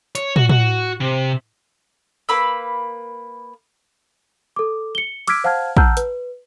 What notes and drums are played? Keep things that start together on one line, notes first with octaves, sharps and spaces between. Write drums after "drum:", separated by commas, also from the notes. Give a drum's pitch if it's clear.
C#5, drum: hi-hat
F#4, drum: tom
F#4, drum: tom
C3
A#3 B4 B5 E6
A4 D6
C#7 G7
D6 E6 F6 G#6 B6 D7, drum: cymbal
C5 F5 F#5 A5 F6 G#6
F#5 A5 A#5 E6 F6 G6, drum: kick
B4, drum: hi-hat